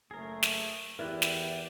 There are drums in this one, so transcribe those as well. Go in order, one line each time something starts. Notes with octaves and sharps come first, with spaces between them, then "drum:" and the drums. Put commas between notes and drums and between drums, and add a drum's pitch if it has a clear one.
F#1 A3 G#4 A#4
drum: snare
E2 E4 G4 A#4 D5 F#6
drum: snare